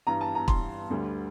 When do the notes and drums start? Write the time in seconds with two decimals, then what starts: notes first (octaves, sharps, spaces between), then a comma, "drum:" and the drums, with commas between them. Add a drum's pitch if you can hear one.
0.07 G2 E3 G3 A#5
0.21 A5
0.35 A#5
0.48 C6, drum: kick
0.90 D2 D3 G3